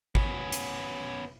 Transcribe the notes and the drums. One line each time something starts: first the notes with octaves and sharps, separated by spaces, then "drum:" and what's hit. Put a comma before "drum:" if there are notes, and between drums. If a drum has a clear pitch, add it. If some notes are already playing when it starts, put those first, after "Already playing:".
B3 C#4, drum: kick G#1
drum: hi-hat